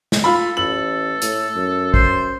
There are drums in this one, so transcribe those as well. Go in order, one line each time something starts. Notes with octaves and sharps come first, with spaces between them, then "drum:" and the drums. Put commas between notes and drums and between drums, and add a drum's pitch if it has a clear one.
drum: snare
F4 A4 B5
A1 A4 F#7
A2, drum: hi-hat
F#2
C5, drum: kick